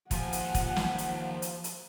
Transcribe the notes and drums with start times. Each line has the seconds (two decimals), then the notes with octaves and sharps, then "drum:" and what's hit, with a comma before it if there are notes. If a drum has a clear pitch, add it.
0.11 D#2 F3 F#5 G#5, drum: kick, hi-hat
0.33 drum: hi-hat
0.55 drum: kick, hi-hat
0.76 drum: snare
0.98 drum: hi-hat
1.42 drum: hi-hat
1.64 drum: hi-hat